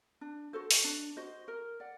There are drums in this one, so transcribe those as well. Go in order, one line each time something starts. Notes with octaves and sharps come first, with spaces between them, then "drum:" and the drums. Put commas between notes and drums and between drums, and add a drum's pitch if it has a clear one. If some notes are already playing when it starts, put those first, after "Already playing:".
D4
F#4 A4 C5
drum: open hi-hat
D4
F#4 C5 D#5
A#4
D5 F#5